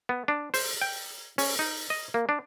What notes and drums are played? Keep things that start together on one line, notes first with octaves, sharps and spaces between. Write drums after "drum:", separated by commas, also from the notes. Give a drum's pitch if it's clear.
B3
D4
C5, drum: open hi-hat
G5
C#4, drum: open hi-hat
D#4
D#5
A#3
D4